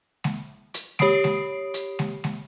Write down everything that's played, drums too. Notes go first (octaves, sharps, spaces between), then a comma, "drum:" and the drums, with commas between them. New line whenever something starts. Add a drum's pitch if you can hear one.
drum: snare G#3
drum: hi-hat
G4 C#5 B5 D#6 C7 D7, drum: snare G#3
drum: snare G#3
drum: hi-hat
drum: snare G#3
drum: snare G#3